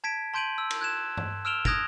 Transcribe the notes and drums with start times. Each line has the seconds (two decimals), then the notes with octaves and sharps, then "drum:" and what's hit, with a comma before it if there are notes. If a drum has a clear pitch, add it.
0.04 A5 G#6 B6 D7
0.34 A5 C6 G6 D7 D#7 F#7
0.58 E6
0.71 drum: cymbal
0.81 F#6 G#6 E7
1.17 drum: tom G2
1.45 E6 F6 D7 E7 F7 G7
1.65 D#6 F#6 G#6 A#6 D7 F7, drum: kick